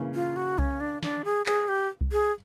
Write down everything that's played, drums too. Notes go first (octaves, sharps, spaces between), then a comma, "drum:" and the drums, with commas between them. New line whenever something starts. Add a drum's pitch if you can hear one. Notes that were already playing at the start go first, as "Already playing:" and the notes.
Already playing: C#3 E3 A#3
F4
F#4
C#4, drum: kick C2
D4
D4, drum: snare
G#4
G#4, drum: clap
G4
drum: kick C2
G#4